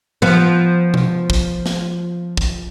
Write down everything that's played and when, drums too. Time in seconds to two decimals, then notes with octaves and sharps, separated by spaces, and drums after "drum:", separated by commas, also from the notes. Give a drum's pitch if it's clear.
0.22 F3 B3
0.94 drum: tom B2
1.30 drum: kick
1.66 drum: snare
2.37 drum: kick